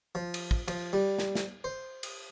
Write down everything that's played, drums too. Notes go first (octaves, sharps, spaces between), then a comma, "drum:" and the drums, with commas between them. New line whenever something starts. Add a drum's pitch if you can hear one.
F3
drum: cymbal
drum: kick
F3, drum: cymbal
G3
drum: snare
drum: snare
C5
drum: cymbal